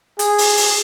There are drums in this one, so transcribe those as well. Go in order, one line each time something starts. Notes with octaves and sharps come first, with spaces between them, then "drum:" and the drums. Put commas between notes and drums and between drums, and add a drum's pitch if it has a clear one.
G#4, drum: hi-hat
drum: open hi-hat
drum: open hi-hat